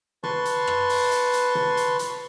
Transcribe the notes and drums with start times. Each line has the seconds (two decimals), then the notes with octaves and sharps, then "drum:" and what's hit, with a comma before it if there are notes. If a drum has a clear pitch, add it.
0.23 B4 A5 C6 C#6, drum: tom
0.45 drum: hi-hat
0.67 drum: rim click
0.89 drum: open hi-hat
1.11 drum: hi-hat
1.33 drum: hi-hat
1.55 drum: tom
1.77 drum: hi-hat
1.99 drum: hi-hat